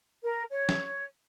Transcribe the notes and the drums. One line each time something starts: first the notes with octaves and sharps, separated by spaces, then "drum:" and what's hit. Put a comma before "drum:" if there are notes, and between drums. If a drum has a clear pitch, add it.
A#4
C#5
drum: snare